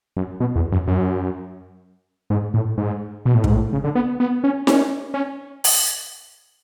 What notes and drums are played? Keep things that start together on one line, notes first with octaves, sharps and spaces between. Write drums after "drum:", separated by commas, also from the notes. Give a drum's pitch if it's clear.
F#2
B2
E2
F#2
F#2
G#2
A2
G#2
B2
A2
G#2, drum: kick
A2
C#3
D3
B3
B3
C#4
C#4, drum: snare D#4
C#4
drum: open hi-hat